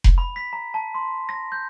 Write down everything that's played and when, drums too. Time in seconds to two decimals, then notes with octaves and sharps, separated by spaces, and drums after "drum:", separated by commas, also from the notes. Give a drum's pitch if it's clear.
0.04 drum: kick F1
0.18 B5
0.36 B6
0.53 A#5
0.74 A5
0.95 C6
1.29 A#6
1.52 G6